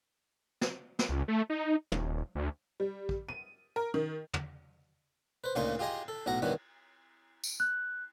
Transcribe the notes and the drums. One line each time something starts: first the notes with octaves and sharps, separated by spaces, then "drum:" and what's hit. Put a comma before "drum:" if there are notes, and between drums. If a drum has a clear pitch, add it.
drum: snare
drum: snare
C#2
A3
D#4
D#1, drum: tom
D2
G3
drum: kick
D#7
A#4
D#3
drum: tom
B4 C5
D2 A#2 C#3 D#4 C6 C#6, drum: cymbal
F4 G4 G#4 D#5 C6
A4
B1 A2 F#4 F#5 A#5
G2 D#3 E3 F#3 B3 F#4
drum: tambourine
F#6